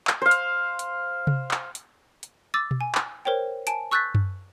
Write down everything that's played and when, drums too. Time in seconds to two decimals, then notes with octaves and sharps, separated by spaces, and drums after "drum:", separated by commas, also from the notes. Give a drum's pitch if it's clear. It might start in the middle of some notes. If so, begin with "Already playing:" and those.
0.07 drum: clap
0.22 C5 F5
0.31 drum: hi-hat
0.79 drum: hi-hat
1.27 drum: tom C3
1.51 drum: clap
1.75 drum: hi-hat
2.23 drum: hi-hat
2.54 D6 E6 A6
2.71 drum: tom B2
2.81 G#5
2.95 drum: clap
3.25 A#4 C5 C#5 G5
3.67 G#5 A5 D7, drum: hi-hat
3.91 C#6 E6 F#6 G6 A6 B6
4.15 drum: tom F#2